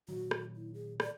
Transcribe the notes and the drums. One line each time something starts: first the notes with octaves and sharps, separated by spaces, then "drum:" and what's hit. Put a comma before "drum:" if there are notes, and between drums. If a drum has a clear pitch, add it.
A#2 D#3 F#3 F#4
drum: rim click
E4
G#4
D5, drum: rim click